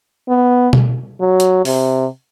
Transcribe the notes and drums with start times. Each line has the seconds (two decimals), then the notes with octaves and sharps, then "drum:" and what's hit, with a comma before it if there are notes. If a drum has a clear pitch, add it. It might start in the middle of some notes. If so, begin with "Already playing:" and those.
0.28 B3
0.73 drum: tom B2
1.20 F#3
1.40 drum: hi-hat
1.65 C3, drum: open hi-hat